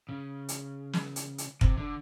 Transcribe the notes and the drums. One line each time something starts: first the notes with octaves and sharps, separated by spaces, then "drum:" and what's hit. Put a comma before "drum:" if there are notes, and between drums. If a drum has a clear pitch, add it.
C#3
drum: hi-hat
drum: snare
drum: hi-hat
drum: hi-hat
C3, drum: kick
D3